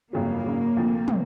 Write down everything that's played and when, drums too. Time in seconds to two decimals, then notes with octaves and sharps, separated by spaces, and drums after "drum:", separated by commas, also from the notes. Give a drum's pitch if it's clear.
0.13 G1 F2 C#3 F#3 A#3
0.44 G#1 F#2 C#3 F#3
0.77 D2 C3 F3 A3
1.08 C3, drum: tom